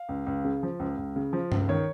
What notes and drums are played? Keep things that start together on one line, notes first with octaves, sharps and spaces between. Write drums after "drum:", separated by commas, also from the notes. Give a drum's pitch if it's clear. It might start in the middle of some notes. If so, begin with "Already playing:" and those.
Already playing: F5
C#2
C#2
C#3
F3
C#2
C#2
C#3
F3
C#2, drum: tom G2
D#3 C#5